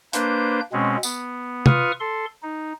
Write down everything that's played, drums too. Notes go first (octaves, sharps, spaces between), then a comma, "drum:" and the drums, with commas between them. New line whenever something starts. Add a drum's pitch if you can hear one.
A#3 D4 B4 C5 G6, drum: hi-hat
B2 G#3 C4 C#4
B3, drum: tambourine
F4 B4 C#6 D#6 F6, drum: tom
A4 C6
D#4